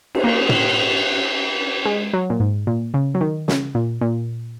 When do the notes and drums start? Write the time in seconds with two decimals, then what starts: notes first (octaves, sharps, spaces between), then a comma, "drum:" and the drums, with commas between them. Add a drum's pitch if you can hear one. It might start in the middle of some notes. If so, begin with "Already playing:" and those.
0.15 drum: cymbal
0.24 A#3
0.49 drum: tom
1.85 G#3
2.13 F#3
2.30 A#2
2.40 G#2
2.67 A#2
2.94 C#3
3.15 F#3
3.21 D#3
3.48 C#3, drum: snare
3.75 A#2
4.01 A#2